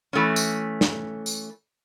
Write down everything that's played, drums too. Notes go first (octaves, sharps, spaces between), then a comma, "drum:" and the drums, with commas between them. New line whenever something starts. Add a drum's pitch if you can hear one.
E3 A3 C#4
drum: tambourine
drum: snare
drum: tambourine